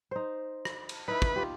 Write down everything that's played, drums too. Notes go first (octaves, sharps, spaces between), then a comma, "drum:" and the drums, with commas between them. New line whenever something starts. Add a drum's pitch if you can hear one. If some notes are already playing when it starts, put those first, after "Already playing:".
D#4 C5
drum: rim click
drum: cymbal
D#4 E4 B4
drum: kick
F4 G4